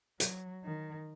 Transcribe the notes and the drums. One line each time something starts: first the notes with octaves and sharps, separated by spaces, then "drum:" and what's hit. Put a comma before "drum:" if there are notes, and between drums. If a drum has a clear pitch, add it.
F#3, drum: hi-hat
D#3